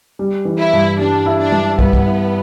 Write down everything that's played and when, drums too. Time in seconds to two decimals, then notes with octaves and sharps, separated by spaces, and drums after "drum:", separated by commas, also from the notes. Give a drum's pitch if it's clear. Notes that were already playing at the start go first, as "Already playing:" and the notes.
0.19 G3
0.45 E3
0.59 E4
0.73 G2
0.99 G3 D4
1.26 E4
1.39 D4
1.52 G3, drum: tom G#3
1.79 G2 B3, drum: kick
1.93 drum: kick
2.05 E4